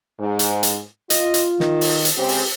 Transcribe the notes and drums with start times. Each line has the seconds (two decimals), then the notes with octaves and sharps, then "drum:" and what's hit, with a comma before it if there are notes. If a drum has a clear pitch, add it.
0.19 G#2
0.39 drum: hi-hat
0.63 drum: hi-hat
1.10 F4 D#5, drum: hi-hat
1.34 drum: hi-hat
1.60 D#3, drum: snare
1.81 drum: open hi-hat
2.05 drum: hi-hat
2.17 C#3 G#3 C4 G4
2.28 drum: open hi-hat